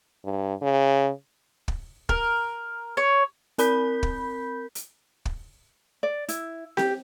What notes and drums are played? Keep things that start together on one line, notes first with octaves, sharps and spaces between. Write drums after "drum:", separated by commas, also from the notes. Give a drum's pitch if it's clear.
G2
C#3
drum: kick
A#4, drum: kick
C#5
C4 A#4 B5 G6 B6, drum: hi-hat
drum: kick
drum: hi-hat
drum: kick
D5
E4, drum: hi-hat
G4, drum: snare C4